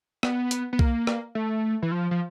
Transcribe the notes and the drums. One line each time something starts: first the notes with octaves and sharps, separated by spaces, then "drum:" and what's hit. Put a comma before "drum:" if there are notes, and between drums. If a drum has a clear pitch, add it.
B3, drum: rim click
drum: hi-hat
B3
A#3, drum: kick B1
drum: rim click
A3
E3
F3
F3